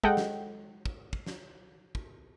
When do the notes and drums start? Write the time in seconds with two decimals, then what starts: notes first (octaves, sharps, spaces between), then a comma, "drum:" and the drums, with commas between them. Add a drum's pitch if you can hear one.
0.03 G#3 A4 D#5 F#5 G5, drum: kick
0.17 drum: snare
0.85 drum: kick
1.13 drum: kick
1.26 drum: snare
1.95 drum: kick